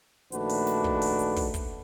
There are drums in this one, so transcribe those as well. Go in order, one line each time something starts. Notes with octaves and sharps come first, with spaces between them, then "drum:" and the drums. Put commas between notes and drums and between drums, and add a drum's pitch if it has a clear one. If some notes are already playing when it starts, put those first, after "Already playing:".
A#1 D#3 A3 D4 F#4 B4, drum: hi-hat
drum: open hi-hat
drum: snare
drum: kick
drum: open hi-hat
drum: hi-hat
drum: kick, open hi-hat
drum: kick, hi-hat